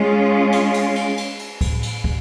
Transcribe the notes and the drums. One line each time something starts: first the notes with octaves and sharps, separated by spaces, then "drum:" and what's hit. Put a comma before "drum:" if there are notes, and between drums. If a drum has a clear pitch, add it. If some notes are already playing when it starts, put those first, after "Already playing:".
Already playing: G#3 C#4 F4
drum: cymbal
drum: cymbal
drum: cymbal
drum: cymbal
drum: cymbal
drum: kick, cymbal
drum: cymbal
drum: kick